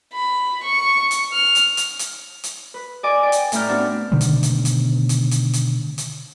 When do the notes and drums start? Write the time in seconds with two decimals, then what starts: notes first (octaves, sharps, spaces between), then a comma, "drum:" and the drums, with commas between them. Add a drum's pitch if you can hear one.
0.13 B5
0.63 C#6
1.11 drum: hi-hat
1.33 F6
1.55 drum: hi-hat
1.77 drum: hi-hat
1.99 drum: hi-hat
2.44 drum: hi-hat
2.74 B4
3.03 D5 D#5 G#5 D6
3.23 D5 G5
3.32 drum: hi-hat
3.52 A2 A3 C#4 A#5 F6 G6, drum: hi-hat
3.69 B3 C4 D4 F#4
4.12 B2 D3 D#3 A3
4.21 drum: hi-hat
4.43 drum: hi-hat
4.65 drum: hi-hat
5.09 drum: hi-hat
5.31 drum: hi-hat
5.53 drum: hi-hat
5.98 drum: hi-hat